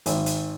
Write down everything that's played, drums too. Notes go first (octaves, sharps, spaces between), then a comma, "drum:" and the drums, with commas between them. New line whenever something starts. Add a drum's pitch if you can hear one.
G#1, drum: hi-hat
drum: hi-hat